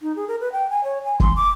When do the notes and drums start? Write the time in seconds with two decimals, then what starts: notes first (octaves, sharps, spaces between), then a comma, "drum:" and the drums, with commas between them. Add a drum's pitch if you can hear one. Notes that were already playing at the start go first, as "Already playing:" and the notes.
0.01 D#4
0.16 G#4
0.28 A#4
0.40 B4
0.52 G5
0.70 G#5
0.84 C#5
1.05 G#5
1.20 C6, drum: kick
1.36 D6